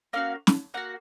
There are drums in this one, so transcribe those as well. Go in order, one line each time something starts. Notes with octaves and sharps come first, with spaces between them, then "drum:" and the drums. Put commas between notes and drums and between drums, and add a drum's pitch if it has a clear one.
A#3 C#4 F#4 F5
drum: snare
A#3 D#4 F#4 F#5